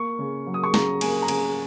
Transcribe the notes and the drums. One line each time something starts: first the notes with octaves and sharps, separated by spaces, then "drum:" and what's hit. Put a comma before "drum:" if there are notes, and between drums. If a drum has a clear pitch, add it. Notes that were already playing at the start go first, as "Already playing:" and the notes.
Already playing: A#3 C#6
C#3
F#3
D#6
C#6
C#3 A#5, drum: snare
A#3 G#5, drum: cymbal
A#5
C#3 G#5, drum: cymbal